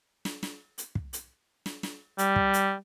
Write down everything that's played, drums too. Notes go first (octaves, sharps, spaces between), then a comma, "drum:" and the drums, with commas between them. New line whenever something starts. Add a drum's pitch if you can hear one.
drum: snare
drum: snare
drum: hi-hat
drum: kick
drum: hi-hat
drum: snare
drum: snare
G3, drum: hi-hat
drum: kick
drum: hi-hat